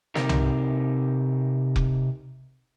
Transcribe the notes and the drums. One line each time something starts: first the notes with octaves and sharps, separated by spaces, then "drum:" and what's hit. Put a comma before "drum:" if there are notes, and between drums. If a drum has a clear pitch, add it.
C3 C4 D#4 G4 A#4, drum: snare
drum: tom C2
drum: kick F1